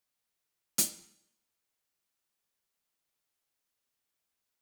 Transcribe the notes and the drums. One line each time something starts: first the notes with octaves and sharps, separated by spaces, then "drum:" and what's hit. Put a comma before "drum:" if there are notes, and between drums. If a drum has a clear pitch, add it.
E4 G#4 D5 F5
drum: hi-hat
A2 F#3 G#3 E5
C4 F4
G4 G#4 C#5 D5 E5
E3 C4
C4 D4
D4 D#4 G#4 D#5
D6 G6 D#7 E7 G7